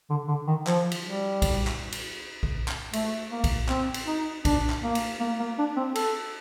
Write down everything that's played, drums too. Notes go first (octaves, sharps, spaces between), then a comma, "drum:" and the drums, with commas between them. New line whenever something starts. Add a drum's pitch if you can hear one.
D3
D3
D#3
F3, drum: clap
drum: cymbal
G3
drum: kick A#1, cymbal
drum: clap
drum: cymbal
drum: kick A#1
drum: clap
A3, drum: cymbal
A#3
drum: kick A#1, cymbal
C4, drum: clap
drum: cymbal
D#4
D4, drum: kick A#1, cymbal
drum: clap
A#3
drum: cymbal
A#3
A#3
D4
C4
A4, drum: cymbal